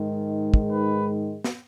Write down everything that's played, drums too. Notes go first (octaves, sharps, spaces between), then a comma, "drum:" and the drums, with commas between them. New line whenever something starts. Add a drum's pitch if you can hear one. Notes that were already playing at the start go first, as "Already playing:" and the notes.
Already playing: G#2 D#3 G#3
drum: kick
B4
drum: snare